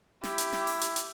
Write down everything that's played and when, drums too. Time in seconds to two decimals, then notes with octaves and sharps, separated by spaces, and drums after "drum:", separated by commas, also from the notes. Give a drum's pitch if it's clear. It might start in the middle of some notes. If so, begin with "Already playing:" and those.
0.23 E4 G4, drum: snare
0.38 drum: hi-hat
0.52 drum: snare
0.67 drum: open hi-hat
0.81 drum: hi-hat
0.96 drum: hi-hat